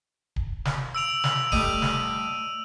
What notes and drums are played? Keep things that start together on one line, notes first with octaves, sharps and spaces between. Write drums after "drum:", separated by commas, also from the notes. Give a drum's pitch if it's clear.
drum: kick D1
drum: snare
E6 D7 F7
drum: snare
G3 A3 D#4 D#7, drum: kick D1
drum: snare